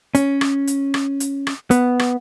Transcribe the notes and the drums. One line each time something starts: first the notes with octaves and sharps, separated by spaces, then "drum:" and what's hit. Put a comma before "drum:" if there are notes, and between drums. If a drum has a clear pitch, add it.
C#4, drum: hi-hat
drum: rim click
drum: hi-hat
drum: rim click
drum: hi-hat
drum: rim click
B3, drum: hi-hat
drum: rim click